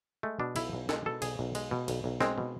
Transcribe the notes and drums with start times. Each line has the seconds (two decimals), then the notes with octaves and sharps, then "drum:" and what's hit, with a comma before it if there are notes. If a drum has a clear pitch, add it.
0.23 G#3 A3
0.40 B2 D4
0.56 B1 E4, drum: cymbal
0.73 B1
0.89 G#3 A4, drum: snare
1.06 B2 A4
1.22 B1 G#4, drum: cymbal
1.39 B1
1.55 G#3, drum: cymbal
1.71 B2
1.88 B1, drum: cymbal
2.04 B1
2.21 G#3 C4, drum: snare
2.38 B2